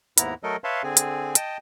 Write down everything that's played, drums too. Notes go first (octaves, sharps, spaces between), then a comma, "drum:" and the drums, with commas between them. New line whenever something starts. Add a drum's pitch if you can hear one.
D#2 G#2 B3 E4 A#5, drum: hi-hat
F#3 A3 A4 A#4 D#5
B4 C#5 E5 F5 A5 C6
D3 C4 G#4 G#5
drum: hi-hat
D#5 G5 A5 D#6, drum: hi-hat